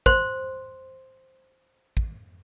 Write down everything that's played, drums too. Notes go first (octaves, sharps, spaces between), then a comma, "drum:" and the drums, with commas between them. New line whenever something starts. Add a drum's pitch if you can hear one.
C5 C6, drum: kick
drum: kick